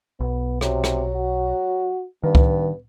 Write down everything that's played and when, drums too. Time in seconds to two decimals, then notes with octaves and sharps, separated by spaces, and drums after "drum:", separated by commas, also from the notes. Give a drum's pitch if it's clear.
0.20 B1 B3
0.61 C3 F#3, drum: rim click
0.84 drum: rim click
1.14 F#4
2.24 G2 D#3 B3
2.35 drum: kick C#2